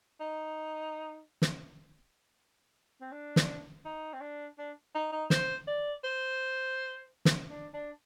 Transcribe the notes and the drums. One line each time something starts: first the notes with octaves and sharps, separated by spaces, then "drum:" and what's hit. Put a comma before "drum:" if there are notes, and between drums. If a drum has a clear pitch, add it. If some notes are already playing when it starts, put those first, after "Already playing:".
D#4
drum: snare
C4
D4
drum: snare
D#4
C4
D4
D4
D#4
D#4
C5, drum: snare
D5
C5
drum: snare
D4
D4